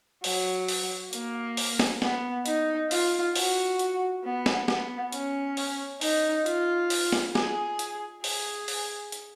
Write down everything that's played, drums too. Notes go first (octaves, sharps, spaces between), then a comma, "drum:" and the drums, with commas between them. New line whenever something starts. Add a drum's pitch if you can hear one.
F#3, drum: open hi-hat
drum: open hi-hat
A#3, drum: hi-hat
drum: open hi-hat
drum: snare
B3, drum: snare
D#4, drum: hi-hat
F4, drum: open hi-hat
F#4, drum: open hi-hat
drum: hi-hat
B3
drum: snare
B3, drum: snare
C#4, drum: hi-hat
drum: open hi-hat
D#4, drum: open hi-hat
F4, drum: hi-hat
drum: open hi-hat
drum: snare
G#4, drum: snare
drum: hi-hat
G#4, drum: open hi-hat
drum: open hi-hat
drum: hi-hat